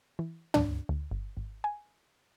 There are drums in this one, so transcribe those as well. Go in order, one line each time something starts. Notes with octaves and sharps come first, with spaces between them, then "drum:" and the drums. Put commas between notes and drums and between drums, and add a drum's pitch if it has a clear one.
E3
D4, drum: tom
D2
G1
G#1
G#5